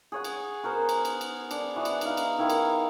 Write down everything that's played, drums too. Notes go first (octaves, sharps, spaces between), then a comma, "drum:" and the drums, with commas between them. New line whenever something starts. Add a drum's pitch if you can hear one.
G#4 C#5 F#5
drum: cymbal
B3 F#4 A#4 C5
drum: cymbal
drum: cymbal
drum: cymbal
D4, drum: cymbal
E3 B3 D4 F#4
drum: cymbal
D#4 F5, drum: cymbal
drum: cymbal
D#3 E4 F#4 F5
drum: cymbal